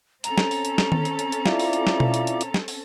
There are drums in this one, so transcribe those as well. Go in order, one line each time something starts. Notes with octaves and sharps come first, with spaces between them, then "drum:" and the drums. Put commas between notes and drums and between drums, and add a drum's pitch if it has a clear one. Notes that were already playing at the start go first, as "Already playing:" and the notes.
C4 C#4 A4 A#5, drum: hi-hat
drum: snare
drum: open hi-hat
drum: hi-hat
drum: snare
drum: tom D#3
drum: hi-hat
drum: hi-hat
drum: hi-hat
E4 F4 D5, drum: snare
drum: open hi-hat
drum: hi-hat
drum: snare
drum: tom B2
drum: hi-hat
drum: hi-hat
drum: hi-hat
drum: snare
drum: open hi-hat